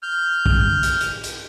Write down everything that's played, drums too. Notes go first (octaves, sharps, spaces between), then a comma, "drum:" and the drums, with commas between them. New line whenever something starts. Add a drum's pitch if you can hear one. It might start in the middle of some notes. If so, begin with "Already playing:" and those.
F6 G6
drum: kick
drum: hi-hat
drum: hi-hat
drum: hi-hat